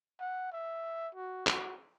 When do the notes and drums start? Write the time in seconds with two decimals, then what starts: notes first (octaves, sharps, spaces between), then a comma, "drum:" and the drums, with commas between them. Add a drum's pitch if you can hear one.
0.20 F#5
0.52 E5
1.15 F#4
1.47 F#4, drum: clap